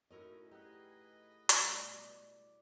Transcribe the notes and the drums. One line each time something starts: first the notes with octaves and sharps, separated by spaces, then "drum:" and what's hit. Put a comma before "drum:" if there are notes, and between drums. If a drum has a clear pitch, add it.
A2 C#4 D#4 E4 F#4 A#4 D#5
D#4 G4 G#4 B4 D#5 F#5
B2 G3 A3 D5, drum: hi-hat